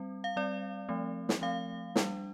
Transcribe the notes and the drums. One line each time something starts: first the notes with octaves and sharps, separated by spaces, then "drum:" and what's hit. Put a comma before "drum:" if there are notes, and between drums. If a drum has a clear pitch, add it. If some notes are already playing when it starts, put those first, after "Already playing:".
Already playing: G3 C4
F5
G3 C4 D5
F3 A3 C4
drum: snare
F3 A3 C4 F5
G3 D4, drum: snare